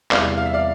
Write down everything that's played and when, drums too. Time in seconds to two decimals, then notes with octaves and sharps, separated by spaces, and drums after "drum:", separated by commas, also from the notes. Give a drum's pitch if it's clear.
0.11 E2 C3 G3 D5 F5, drum: clap
0.38 F5
0.46 E5
0.54 D5 F5